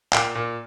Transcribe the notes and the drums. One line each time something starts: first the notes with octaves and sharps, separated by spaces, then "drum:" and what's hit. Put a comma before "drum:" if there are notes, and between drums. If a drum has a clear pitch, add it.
A#2 F5 G5, drum: clap
A#2